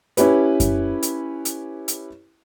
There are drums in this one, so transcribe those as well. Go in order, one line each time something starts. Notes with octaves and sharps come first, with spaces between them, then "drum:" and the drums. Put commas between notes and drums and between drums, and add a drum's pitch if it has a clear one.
C#4 E4 G4 B4, drum: hi-hat
drum: kick F#2, hi-hat
drum: hi-hat
drum: hi-hat
drum: hi-hat